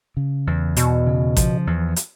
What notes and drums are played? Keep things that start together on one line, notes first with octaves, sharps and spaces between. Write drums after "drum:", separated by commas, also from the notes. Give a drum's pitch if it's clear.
C#3
E2
E2 B2, drum: hi-hat
C#3
F3, drum: kick A1, hi-hat
E2
drum: hi-hat